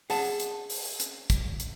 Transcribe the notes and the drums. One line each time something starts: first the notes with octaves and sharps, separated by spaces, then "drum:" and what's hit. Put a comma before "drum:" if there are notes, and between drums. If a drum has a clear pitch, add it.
G#4 F#5 A5, drum: open hi-hat
drum: hi-hat
drum: open hi-hat
drum: hi-hat
drum: kick, hi-hat
drum: hi-hat